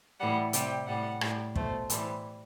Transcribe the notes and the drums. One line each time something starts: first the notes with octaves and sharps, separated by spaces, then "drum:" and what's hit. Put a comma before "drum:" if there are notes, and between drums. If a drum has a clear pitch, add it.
A2 E3 G3 F#5
C3 G3 G5, drum: hi-hat
A2 G3 F#5
A2 G3, drum: rim click
B2 A3 C5, drum: kick
A2 E3 G3 C5, drum: hi-hat